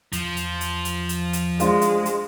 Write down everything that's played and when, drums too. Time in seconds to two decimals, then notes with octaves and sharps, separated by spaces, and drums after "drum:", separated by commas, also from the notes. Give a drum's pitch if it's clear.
0.13 E2 F3, drum: hi-hat
0.37 drum: hi-hat
0.61 drum: hi-hat
0.85 drum: hi-hat
1.09 drum: hi-hat
1.33 drum: hi-hat
1.60 G#3 D4 F4 C5, drum: hi-hat
1.81 drum: hi-hat
2.06 drum: hi-hat